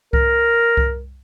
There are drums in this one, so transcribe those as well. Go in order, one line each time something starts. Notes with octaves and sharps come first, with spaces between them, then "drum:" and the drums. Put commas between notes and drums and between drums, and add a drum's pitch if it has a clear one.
A#4, drum: kick C2
drum: kick C2